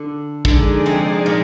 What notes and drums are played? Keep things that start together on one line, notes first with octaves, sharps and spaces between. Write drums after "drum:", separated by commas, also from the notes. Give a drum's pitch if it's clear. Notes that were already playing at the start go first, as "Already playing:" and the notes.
Already playing: D3 D4
D3 F3 G#3 D4 D#4 G#4 D5, drum: kick
C3 C4
A#2 A#3